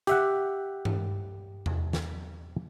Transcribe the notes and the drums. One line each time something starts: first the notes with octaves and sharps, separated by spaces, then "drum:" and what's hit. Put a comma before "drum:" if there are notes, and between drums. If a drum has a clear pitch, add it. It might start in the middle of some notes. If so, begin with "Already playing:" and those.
G4 E5 F#5, drum: hi-hat
drum: tom G2
drum: tom E2
drum: snare